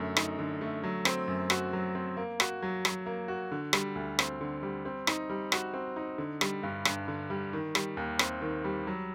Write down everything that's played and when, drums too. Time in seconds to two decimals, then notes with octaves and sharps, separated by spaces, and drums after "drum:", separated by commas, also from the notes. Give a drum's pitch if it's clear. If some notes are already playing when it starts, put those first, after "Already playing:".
Already playing: F#2 D3 A3
0.17 D#4, drum: rim click
0.39 D3
0.61 A3
0.84 F#3
1.05 C4, drum: rim click
1.28 F#2
1.50 F#4, drum: rim click
1.73 F#3
1.95 C4
2.17 A#3
2.40 F#4, drum: rim click
2.63 F#3
2.85 F#3, drum: rim click
3.06 A#3
3.28 F#4
3.52 D3
3.73 G3, drum: rim click
3.95 D2
4.19 C4, drum: rim click
4.41 D3
4.63 G3
4.85 C4
5.07 D#4, drum: rim click
5.30 G3
5.52 F#4, drum: rim click
5.74 C4
5.96 D#4
6.18 D3
6.41 G3, drum: rim click
6.63 G2
6.85 G2, drum: rim click
7.08 D3
7.30 G3
7.53 D#3
7.75 G3, drum: rim click
7.97 D#2
8.19 C4, drum: rim click
8.42 D#3
8.64 G3
8.87 F#3